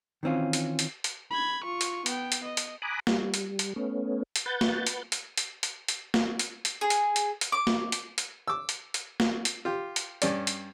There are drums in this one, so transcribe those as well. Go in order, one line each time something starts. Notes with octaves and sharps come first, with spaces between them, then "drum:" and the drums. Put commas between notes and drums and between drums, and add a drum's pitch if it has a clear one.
D#3 E3 C4 C#4 F4
drum: hi-hat
drum: hi-hat
drum: hi-hat
B5 G#6
F4 C#6
drum: hi-hat
B3 G5, drum: hi-hat
drum: hi-hat
D#5
drum: hi-hat
G#5 A#5 B5 D6 D#6 F#6
G3, drum: snare
drum: hi-hat
drum: hi-hat
A3 B3 C#4
drum: hi-hat
B4 F#5 G6 A6
drum: snare
drum: hi-hat
drum: hi-hat
drum: hi-hat
drum: hi-hat
drum: hi-hat
drum: snare
drum: hi-hat
drum: hi-hat
G#4
drum: hi-hat
drum: hi-hat
drum: hi-hat
D6
drum: snare
drum: hi-hat
drum: hi-hat
D6 E6
drum: hi-hat
drum: hi-hat
drum: snare
drum: hi-hat
F4 G4
drum: hi-hat
G2 C#4 D5, drum: hi-hat
drum: hi-hat